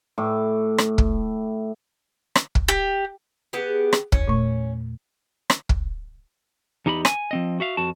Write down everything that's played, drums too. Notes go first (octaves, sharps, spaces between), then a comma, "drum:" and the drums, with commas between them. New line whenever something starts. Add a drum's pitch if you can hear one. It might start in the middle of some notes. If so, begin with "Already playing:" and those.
A2 D6
drum: rim click
drum: kick
drum: rim click
drum: kick
G4
B3 G4 G#4
drum: rim click
E2 C#4, drum: kick
A#2 A3 C#6
drum: rim click
drum: kick
E2 D#4 G4 D#5 B5
G#5, drum: rim click
F3 C4 D#5
F#4 E5 F5
F2 F#4 A5